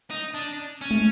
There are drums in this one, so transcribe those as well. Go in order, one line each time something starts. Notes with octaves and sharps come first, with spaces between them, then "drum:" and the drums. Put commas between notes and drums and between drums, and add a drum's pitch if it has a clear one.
D#4
D4
C#4
drum: tom